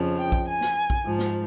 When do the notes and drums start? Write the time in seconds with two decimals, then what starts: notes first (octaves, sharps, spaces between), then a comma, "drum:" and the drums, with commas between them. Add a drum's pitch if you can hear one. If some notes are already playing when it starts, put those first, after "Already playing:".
Already playing: F2 C#3 F3
0.17 G5
0.32 drum: kick A#1
0.47 G#5
0.61 drum: snare
0.90 drum: kick A#1
1.04 G#2 F3
1.19 drum: snare